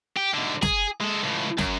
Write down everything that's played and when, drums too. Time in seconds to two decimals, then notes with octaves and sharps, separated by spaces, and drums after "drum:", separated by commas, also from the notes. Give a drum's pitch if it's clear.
0.17 G4
0.34 G#2 D3
0.62 G#4, drum: snare
1.01 G#3 A4
1.23 C#2 A2
1.58 F#2, drum: snare